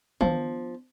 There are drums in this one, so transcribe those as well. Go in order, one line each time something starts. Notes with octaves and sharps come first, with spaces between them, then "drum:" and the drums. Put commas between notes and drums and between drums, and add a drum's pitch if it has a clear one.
F3 B3 D4, drum: tom